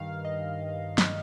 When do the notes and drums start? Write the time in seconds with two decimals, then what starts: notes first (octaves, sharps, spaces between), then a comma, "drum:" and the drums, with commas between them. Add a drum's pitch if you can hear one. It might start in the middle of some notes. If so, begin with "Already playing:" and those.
Already playing: G2 D#3 F5
0.25 D#5
0.98 drum: snare